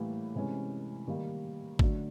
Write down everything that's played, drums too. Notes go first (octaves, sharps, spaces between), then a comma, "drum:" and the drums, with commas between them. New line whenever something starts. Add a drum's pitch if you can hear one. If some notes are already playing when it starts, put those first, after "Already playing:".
Already playing: A2 E3 G3 A#3
C3 E3 G#3 C#4
D#3 G3 A#3
D3 F#3 A3, drum: kick